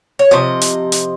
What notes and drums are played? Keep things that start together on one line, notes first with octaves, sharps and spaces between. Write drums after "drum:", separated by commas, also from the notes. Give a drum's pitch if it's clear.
C#5
C3 F3 D#5
drum: hi-hat
drum: hi-hat